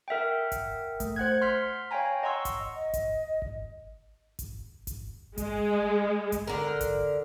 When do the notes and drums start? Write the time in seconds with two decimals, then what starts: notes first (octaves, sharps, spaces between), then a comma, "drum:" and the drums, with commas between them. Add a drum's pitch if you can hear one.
0.08 A#4 E5 F#5 G5
0.52 drum: kick G#1, hi-hat
1.00 A3, drum: kick G#1, hi-hat
1.16 C5 F#5 F#6 G#6
1.42 C6 F6 B6
1.91 C#5 F5 G5 G#5 A#5
2.23 D#5 F#5 A#5 C6 C#6 E6
2.45 drum: kick G#1, hi-hat
2.76 D#5
2.94 drum: kick G#1, hi-hat
3.42 drum: kick G#1
4.39 drum: kick G#1, hi-hat
4.87 drum: kick G#1, hi-hat
5.38 G#3, drum: kick G#1, hi-hat
6.32 drum: kick G#1, hi-hat
6.47 D3 A#4
6.81 drum: kick G#1, hi-hat